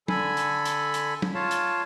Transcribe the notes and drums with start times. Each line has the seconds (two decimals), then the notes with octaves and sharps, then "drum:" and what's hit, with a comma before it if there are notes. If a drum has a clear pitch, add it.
0.08 D3 A4 G#5 B5, drum: tom
0.37 drum: hi-hat
0.65 drum: hi-hat
0.94 drum: hi-hat
1.22 drum: tom
1.34 F4 C#5 F5 A5
1.51 drum: hi-hat